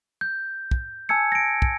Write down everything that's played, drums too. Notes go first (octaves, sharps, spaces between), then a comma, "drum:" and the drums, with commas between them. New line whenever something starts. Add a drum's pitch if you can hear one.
G6
drum: kick
G#5 A5 E6 G#6 C#7
A#6 D7
drum: kick